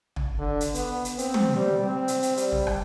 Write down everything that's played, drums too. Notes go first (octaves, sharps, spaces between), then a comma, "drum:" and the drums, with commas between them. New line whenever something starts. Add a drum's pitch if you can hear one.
drum: tom
D3
drum: hi-hat
B3, drum: hi-hat
drum: hi-hat
C4, drum: hi-hat
drum: tom
G3
C4
drum: hi-hat
drum: hi-hat
G3, drum: hi-hat
drum: tom
drum: rim click